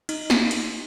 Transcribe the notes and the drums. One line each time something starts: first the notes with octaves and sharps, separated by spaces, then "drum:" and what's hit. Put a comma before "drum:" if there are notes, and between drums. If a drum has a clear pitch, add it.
D#4, drum: cymbal
drum: snare
drum: cymbal